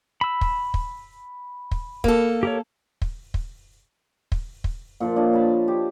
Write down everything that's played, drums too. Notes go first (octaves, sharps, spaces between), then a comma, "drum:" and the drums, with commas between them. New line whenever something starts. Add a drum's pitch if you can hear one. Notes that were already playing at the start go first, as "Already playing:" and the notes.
B5 E6
drum: kick
drum: kick
drum: kick
A#3 A4, drum: kick
G4 A#4 C#5
drum: kick
drum: kick
drum: kick
drum: kick
A#2 F3 F4
D4 F4 C#5 D#5
C#5 A5 B5
G4